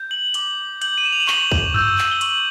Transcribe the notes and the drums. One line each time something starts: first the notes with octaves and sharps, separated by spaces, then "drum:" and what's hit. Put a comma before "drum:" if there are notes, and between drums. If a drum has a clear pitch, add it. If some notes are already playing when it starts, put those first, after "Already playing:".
Already playing: G6
F#7
D6 G7, drum: hi-hat
G6 F#7, drum: hi-hat
D#7
E7
F7
F#7
C#6 G7, drum: clap
drum: kick
E6 G6, drum: tom F#2
drum: clap
G7
C#6 F#7, drum: hi-hat